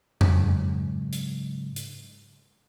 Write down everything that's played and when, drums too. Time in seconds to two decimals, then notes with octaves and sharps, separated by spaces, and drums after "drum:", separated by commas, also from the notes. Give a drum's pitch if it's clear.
0.21 G#2 C#3 F#3 G#3, drum: tom F2
1.13 drum: hi-hat
1.76 drum: hi-hat